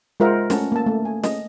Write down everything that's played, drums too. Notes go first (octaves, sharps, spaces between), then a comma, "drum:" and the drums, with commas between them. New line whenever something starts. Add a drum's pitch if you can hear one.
G#3 F4 A#4 C5 E5 F#5
A3 C#4 F#5 A5, drum: snare
A#3 A5
A3
G#5
D#5, drum: snare